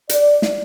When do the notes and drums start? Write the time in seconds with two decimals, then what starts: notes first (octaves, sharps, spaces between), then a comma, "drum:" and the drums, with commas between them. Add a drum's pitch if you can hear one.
0.09 D5, drum: hi-hat
0.42 drum: snare